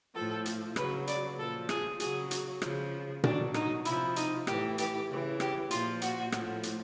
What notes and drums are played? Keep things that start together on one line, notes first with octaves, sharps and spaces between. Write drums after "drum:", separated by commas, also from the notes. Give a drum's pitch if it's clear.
A2 F3 A4
drum: hi-hat
C#3 F#3 B4, drum: rim click
D5, drum: hi-hat
A#2 F3 A4
G#4, drum: rim click
C#3 F#3 G#4, drum: hi-hat
drum: hi-hat
C#3 F3, drum: rim click
B2 F#3 D4, drum: tom A#2
D#4, drum: rim click
C3 F3 E4, drum: hi-hat
D#4, drum: hi-hat
A2 E3 G4, drum: rim click
G4, drum: hi-hat
C#3 E3
G4, drum: rim click
A#2 F3 F4, drum: hi-hat
F#4, drum: hi-hat
A2 F3, drum: rim click
drum: hi-hat